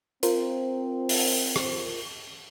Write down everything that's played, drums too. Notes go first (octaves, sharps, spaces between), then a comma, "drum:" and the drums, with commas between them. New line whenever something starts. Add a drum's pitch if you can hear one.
C4 F4 A#4 C5, drum: hi-hat
drum: open hi-hat
drum: rim click